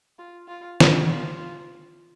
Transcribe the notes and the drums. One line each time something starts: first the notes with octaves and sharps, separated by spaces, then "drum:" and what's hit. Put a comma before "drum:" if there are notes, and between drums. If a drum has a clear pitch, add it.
F4
F4
drum: snare
F4